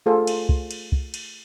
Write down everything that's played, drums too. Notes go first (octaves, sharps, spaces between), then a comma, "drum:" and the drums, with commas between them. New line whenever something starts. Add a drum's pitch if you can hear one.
A3 F4 G#4 A4 C5
drum: cymbal
drum: kick
drum: cymbal
drum: kick
drum: cymbal